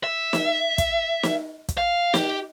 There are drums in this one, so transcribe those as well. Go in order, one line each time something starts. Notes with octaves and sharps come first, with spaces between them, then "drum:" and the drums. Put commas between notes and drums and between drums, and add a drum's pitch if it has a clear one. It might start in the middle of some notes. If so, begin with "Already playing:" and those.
E5
drum: snare
drum: kick, hi-hat
drum: snare
drum: kick, hi-hat
F5
G4, drum: snare